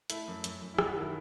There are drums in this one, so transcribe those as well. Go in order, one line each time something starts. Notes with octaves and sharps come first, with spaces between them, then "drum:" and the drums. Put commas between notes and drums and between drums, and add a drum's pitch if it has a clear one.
A3 E4, drum: hi-hat
F#2
F#2, drum: hi-hat
F#2
E4
F#2, drum: rim click
F#4
D#3 E4